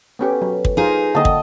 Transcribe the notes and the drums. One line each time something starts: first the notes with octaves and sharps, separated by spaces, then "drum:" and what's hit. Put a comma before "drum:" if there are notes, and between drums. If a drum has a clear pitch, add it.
B3 C#4 G4 A4 B4
F#3
drum: kick
D#4 F4 G#4 A#4 C5
D3 A#3 D#5 F#5 G5 A5
drum: kick